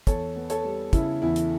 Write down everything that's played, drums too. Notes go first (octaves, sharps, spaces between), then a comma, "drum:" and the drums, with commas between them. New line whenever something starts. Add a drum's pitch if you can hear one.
E2 A4 C#5, drum: kick, hi-hat
B3
A4 C#5, drum: hi-hat
G3
C#3 E4, drum: kick, hi-hat
E2 E4
drum: hi-hat